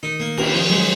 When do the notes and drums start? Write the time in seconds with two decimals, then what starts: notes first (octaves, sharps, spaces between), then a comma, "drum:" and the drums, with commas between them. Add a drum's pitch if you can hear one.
0.03 D#3 D#4
0.20 A#3
0.38 A#4, drum: cymbal
0.54 F3
0.70 F#3 G#3